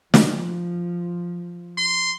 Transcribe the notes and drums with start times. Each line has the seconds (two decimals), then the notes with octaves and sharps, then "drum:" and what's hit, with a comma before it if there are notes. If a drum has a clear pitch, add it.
0.14 F3, drum: snare
1.78 C6